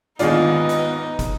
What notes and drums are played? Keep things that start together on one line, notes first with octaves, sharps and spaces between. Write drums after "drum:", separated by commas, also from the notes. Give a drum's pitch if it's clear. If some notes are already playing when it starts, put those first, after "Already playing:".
D#2 G#2 D3 B3 D#4 F4 D5, drum: hi-hat
drum: hi-hat
drum: kick, hi-hat